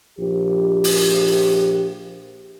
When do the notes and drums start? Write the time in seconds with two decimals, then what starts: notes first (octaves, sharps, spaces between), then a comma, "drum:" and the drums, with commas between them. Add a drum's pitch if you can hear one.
0.18 A#1 F3 G4
0.84 drum: open hi-hat